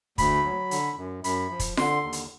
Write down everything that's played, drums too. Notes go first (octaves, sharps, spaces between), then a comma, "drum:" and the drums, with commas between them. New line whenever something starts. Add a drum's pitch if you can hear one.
D2 B5, drum: kick, hi-hat
F#3
D3, drum: hi-hat
F#2
F#2 B5, drum: hi-hat
F3
drum: kick, hi-hat
D3 C6, drum: snare F4
D#2
drum: hi-hat